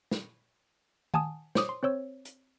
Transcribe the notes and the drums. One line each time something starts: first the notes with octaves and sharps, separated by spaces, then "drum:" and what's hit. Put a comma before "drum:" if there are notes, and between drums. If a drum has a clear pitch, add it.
drum: snare
F#5 G#5 A5 D#6, drum: tom
C5 C#5 D6 D#6, drum: snare
C6
C4 C5 C#5 E6
drum: hi-hat